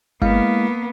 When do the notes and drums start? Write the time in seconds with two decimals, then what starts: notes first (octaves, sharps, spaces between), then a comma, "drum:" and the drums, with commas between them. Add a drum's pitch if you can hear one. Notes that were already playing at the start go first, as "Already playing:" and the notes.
0.22 G#3 A#3 B3 E4 F5, drum: kick G1